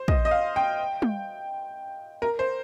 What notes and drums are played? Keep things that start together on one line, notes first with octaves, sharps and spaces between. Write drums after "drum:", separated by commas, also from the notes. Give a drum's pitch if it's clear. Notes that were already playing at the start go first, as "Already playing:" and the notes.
Already playing: C5
D#5, drum: kick
D#5
F5
G5
drum: tom
A#4
C5